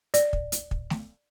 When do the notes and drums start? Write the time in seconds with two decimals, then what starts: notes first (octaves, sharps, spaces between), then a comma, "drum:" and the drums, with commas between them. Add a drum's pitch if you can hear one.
0.14 D5, drum: hi-hat
0.33 drum: kick
0.52 drum: hi-hat
0.71 drum: kick
0.90 drum: snare A3